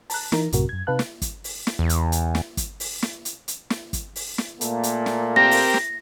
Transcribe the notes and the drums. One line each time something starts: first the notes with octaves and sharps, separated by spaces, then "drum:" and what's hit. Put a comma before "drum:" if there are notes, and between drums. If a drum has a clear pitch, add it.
A5 A#5 F#6, drum: open hi-hat
E3 D#4 A#4 A#5, drum: snare
A#1 F#2 A2 C3 F#4 A#4, drum: hi-hat
F#2 G#6
C3 D#4 B4 F5 A5 F#6
drum: snare
drum: kick, hi-hat
drum: open hi-hat
drum: snare
E2
drum: hi-hat
drum: hi-hat
drum: snare
drum: kick, hi-hat
drum: open hi-hat
drum: snare
drum: hi-hat
drum: hi-hat
drum: snare
drum: kick, hi-hat
drum: open hi-hat
drum: snare
A#2 A3 A#3, drum: hi-hat
drum: hi-hat
drum: snare
C4 G4 A#4 A#6
drum: open hi-hat
drum: snare